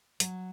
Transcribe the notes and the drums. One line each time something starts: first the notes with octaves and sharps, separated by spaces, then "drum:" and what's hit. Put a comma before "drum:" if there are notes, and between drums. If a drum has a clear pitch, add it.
F#3, drum: hi-hat